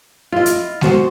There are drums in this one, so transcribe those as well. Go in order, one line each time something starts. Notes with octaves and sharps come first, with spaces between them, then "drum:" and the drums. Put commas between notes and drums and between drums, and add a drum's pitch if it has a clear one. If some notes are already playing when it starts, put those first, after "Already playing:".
E4 F4 D#5
drum: hi-hat
B3 F#4 C5, drum: snare G#3